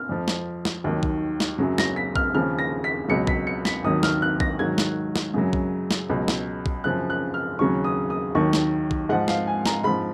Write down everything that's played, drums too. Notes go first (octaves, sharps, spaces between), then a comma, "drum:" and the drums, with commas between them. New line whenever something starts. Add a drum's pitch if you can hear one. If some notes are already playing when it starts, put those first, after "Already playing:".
Already playing: F6
F2 F3
drum: snare
drum: snare
D#2 D#3 F#3
drum: kick A#1
drum: snare
F#2 C#3 F#3
A#6, drum: snare
B6
F6, drum: kick A#1
D#2 C#3 F3 F6
A#6
B6
C#2 B2 F#3 C#7
B6, drum: kick A#1
C#7
B6, drum: snare
D#2 D#3 F#3 D#6
F6, drum: snare
F#6
A#6, drum: kick A#1
G#2 D#3 F#3 G#6
drum: snare
drum: snare
F#2 C#3 F#3
drum: kick A#1
drum: snare
C#2 B2 F#3
drum: snare
drum: kick A#1
F#2 C#3 F3 F#6
F#6
F6
D#2 C#3 F#3 C#6
D#6
D#6
D#2 D#3 F#3 C#6
drum: snare
drum: kick A#1
G#2 F3 F#5
F5, drum: snare
G#5
A#5, drum: snare
G#2 F3 B5